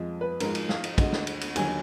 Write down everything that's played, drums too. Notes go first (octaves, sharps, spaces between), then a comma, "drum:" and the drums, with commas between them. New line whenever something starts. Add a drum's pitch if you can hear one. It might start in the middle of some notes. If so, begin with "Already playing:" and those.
Already playing: F2 F3 G#3 D#5
B4
G#2 F3 G#3 A#4, drum: cymbal
drum: cymbal
F5, drum: snare
drum: cymbal
D2 D3 G#3 D#5, drum: kick, cymbal
drum: snare
drum: cymbal
drum: cymbal
D#2 D3 F#3 G#5, drum: cymbal